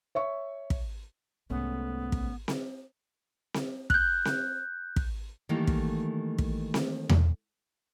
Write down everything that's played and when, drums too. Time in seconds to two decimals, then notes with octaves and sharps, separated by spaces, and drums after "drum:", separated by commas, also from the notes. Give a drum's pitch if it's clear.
0.15 C#5 E5 C#6
0.70 drum: kick
1.50 C2 G#2 A3 B3 C#4
2.12 drum: kick
2.48 drum: snare C4
3.54 drum: snare C4
3.90 F#6 G6, drum: kick
4.25 drum: snare C4
4.96 drum: kick
5.49 D#3 E3 G3 A3 A#3
5.67 drum: kick
6.38 drum: kick
6.74 drum: snare C4
7.09 drum: tom E2